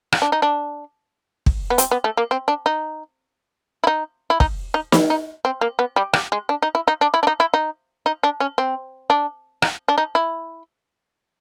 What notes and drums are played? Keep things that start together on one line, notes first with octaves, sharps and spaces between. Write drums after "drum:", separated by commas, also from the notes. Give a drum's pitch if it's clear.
drum: rim click
D4
D#4
D4
drum: kick
B3
C4, drum: hi-hat
B3
A3
A#3
C4
D4
D#4
E4
D#4
E4
D#4, drum: kick
D#4
E4, drum: snare
D#4
C4
A#3
B3
G3
G3, drum: rim click
G#3
D4
D#4
E4
D#4
D4
E4
D4
D#4
E4
D#4
D#4
D4
C#4
C4
D4
D#4, drum: rim click
D4
D#4
E4